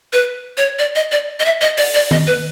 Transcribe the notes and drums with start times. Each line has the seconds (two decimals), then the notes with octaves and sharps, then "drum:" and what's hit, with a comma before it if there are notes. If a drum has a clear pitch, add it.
0.13 B4
0.57 C#5
0.79 D5
0.95 D#5
1.12 D5
1.40 D#5
1.45 E5
1.61 D#5
1.78 D5, drum: open hi-hat
1.95 D5
2.11 D#5, drum: tom D#3
2.27 B4